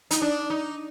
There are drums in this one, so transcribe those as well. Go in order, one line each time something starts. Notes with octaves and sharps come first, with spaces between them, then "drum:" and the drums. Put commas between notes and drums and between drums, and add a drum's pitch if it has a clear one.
D#4, drum: hi-hat
D4
D#4